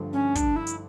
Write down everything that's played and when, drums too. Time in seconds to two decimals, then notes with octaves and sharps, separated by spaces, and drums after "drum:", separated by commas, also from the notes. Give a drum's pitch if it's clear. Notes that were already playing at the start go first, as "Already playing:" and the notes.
Already playing: G2 D3 F3 A3
0.13 C#4
0.35 D4, drum: kick, hi-hat
0.56 E4
0.67 drum: hi-hat